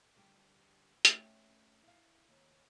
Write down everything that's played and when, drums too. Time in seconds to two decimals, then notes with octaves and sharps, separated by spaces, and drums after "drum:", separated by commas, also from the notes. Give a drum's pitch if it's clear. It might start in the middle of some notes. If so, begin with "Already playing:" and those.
0.16 D3 G3 G4
1.05 A3 C#4 E5 G5, drum: hi-hat
1.83 E4 F5
2.29 D#2